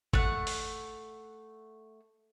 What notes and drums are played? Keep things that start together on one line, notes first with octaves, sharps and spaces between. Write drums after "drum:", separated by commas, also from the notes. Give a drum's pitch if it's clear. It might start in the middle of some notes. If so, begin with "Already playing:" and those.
A3 F#5, drum: kick G1
drum: open hi-hat